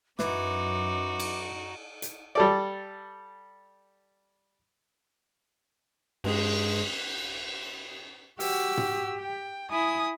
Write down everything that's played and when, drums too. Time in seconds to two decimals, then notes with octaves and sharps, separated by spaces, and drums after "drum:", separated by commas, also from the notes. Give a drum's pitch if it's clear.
0.19 F#2 E3 D#4 F#4 D6, drum: snare
1.20 drum: cymbal
2.02 drum: hi-hat
2.35 G3 A4 D5
6.24 G2 G#3 G#4, drum: cymbal
8.40 F#4 G4 E6, drum: open hi-hat
8.77 drum: tom
9.19 G5
9.71 E4 G#5 D#6